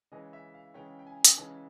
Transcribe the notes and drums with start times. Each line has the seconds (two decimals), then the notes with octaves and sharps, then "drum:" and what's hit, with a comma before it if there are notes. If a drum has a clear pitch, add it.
0.12 C#3 E3 G#3 C#4 D#5
0.33 E5
0.54 F5
0.74 C#3 E3 G#3 C#4 G5
0.99 G5
1.07 G#5
1.25 drum: hi-hat
1.37 C#3 E3 G#3 C#4 A5